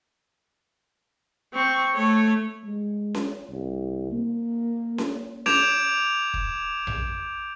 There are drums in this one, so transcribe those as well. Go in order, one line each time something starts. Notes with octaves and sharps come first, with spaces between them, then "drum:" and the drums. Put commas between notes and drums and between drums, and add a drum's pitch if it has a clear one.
C4 C#6
A3 C#5
G#3
drum: snare C#4
C2
A#3
drum: snare C#4
D6 G6 G#6 D7 E7 F7, drum: snare C#4
drum: kick
drum: tom A#1